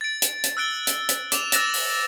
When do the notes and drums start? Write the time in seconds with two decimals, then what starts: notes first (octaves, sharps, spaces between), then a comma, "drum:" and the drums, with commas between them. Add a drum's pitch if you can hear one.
0.01 A6 D7
0.22 drum: hi-hat
0.44 drum: hi-hat
0.57 E6 F#6 A6 D7 G7
0.87 drum: hi-hat
1.09 drum: hi-hat
1.32 D6 E7 F7, drum: hi-hat
1.52 E6 F#6 A6 A#6 E7, drum: hi-hat
1.74 drum: open hi-hat